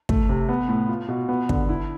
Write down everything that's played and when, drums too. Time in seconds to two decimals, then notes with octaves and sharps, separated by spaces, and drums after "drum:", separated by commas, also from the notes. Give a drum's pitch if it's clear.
0.09 A3, drum: kick
0.29 C3
0.49 B3
0.68 A2
0.89 F4
1.09 B2
1.29 B3
1.49 D3, drum: kick
1.69 E4